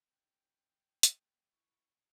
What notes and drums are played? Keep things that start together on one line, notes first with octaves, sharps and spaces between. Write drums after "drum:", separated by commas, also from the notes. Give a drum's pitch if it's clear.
C#4 G5 G6
A3, drum: hi-hat
A#3
E4 C#6